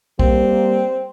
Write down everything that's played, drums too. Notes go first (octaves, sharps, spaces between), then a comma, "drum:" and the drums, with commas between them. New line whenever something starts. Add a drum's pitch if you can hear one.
G3 A#3 C4, drum: kick